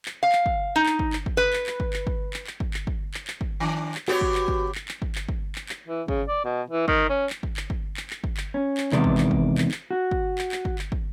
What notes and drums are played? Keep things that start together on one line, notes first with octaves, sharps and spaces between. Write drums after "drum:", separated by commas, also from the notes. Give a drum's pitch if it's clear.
drum: clap
F5
drum: clap
drum: kick
D#4
drum: clap
drum: kick
drum: clap
drum: kick
B4
drum: clap
drum: clap
drum: kick
drum: clap
drum: kick
drum: clap
drum: clap
drum: kick
drum: clap
drum: kick
drum: clap
drum: clap
drum: kick
D#3 D4
drum: clap
B3 F#4 G4 C#5, drum: clap
drum: kick
drum: clap
drum: kick
drum: clap
drum: clap
drum: kick
drum: clap
drum: kick
drum: clap
drum: clap
E3
C#3, drum: kick
D5
B2
E3
D#3, drum: kick
C#4
drum: clap
drum: kick
drum: clap
drum: kick
drum: clap
drum: clap
drum: kick
drum: clap
C#4
drum: clap
E2 C3 D#3 G#3 D5, drum: clap
drum: kick
drum: clap
drum: kick
drum: clap
drum: clap
F#4
drum: kick
drum: clap
drum: clap
drum: kick
drum: clap
drum: kick